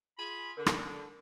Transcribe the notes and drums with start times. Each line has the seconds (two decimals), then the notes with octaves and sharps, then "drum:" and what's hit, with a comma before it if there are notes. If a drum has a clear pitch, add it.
0.17 F4 G#4 B5
0.57 D3 A#4
0.66 drum: rim click